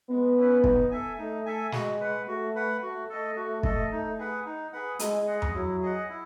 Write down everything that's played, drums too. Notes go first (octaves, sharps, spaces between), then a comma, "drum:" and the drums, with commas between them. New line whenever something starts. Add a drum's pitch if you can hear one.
G#3 B3
C#4 E4 B4
D#4, drum: kick
A4 E5 G#5
A3 D#4
A4 E5 G#5
G#3 F#4, drum: snare
B4 F#5
A3 F#4
B4 F#5
A3 F#4
A4 D#5
F#4
A4 D#5, drum: kick
D#4
G#4 B4 F#5
D#4
G#4 B4 F#5
G#3 E4, drum: hi-hat
G#4 D#5 F#5
drum: tom F2
F#3 E4
G#4 D#5 F#5
E4